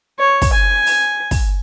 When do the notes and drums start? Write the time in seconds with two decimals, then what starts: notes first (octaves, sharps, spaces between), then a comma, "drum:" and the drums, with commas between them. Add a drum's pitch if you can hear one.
0.19 C#5
0.42 drum: kick, open hi-hat
0.53 G#5
0.86 drum: open hi-hat
1.31 drum: kick, open hi-hat